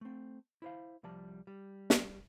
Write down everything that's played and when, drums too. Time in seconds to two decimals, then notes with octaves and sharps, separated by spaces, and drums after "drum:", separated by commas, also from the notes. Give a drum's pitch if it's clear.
0.01 A3 C4
0.62 E4 C5 F5
1.03 C2 F3 G3 D5 A5
1.47 G3
1.90 drum: snare